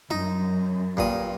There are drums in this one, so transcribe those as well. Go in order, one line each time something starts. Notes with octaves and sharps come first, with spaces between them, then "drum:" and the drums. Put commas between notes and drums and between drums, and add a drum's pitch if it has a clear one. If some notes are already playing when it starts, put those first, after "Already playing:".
F#2 D#4, drum: tom D4
G2 A#2 D#6, drum: kick A1